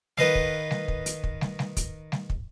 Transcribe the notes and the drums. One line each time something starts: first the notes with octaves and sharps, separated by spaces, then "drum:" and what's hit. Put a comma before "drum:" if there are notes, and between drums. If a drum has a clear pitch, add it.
D#3 B4 D#5 F5, drum: snare
drum: kick
drum: snare
drum: kick
drum: hi-hat
drum: kick
drum: snare
drum: snare
drum: kick, hi-hat
drum: snare
drum: kick